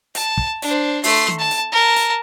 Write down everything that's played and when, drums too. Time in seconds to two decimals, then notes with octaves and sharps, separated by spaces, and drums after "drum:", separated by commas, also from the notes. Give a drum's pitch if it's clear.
0.15 A5, drum: hi-hat
0.37 drum: kick
0.62 D4 C5, drum: hi-hat
1.04 A3 C6, drum: open hi-hat
1.28 drum: tom D#3
1.39 A5
1.51 drum: hi-hat
1.72 A#4 A5
1.96 drum: hi-hat